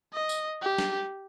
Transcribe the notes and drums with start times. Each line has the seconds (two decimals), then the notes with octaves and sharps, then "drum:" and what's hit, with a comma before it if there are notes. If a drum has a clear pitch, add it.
0.13 D#5
0.29 drum: tambourine
0.62 G4
0.78 drum: snare